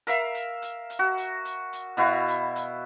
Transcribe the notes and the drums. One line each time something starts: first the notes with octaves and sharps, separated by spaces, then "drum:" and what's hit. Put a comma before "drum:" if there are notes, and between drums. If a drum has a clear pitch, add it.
A#4 E5 F5, drum: hi-hat
drum: hi-hat
drum: hi-hat
drum: hi-hat
F#4
drum: hi-hat
drum: hi-hat
drum: hi-hat
B2 E4 F#4 F5
drum: hi-hat
drum: hi-hat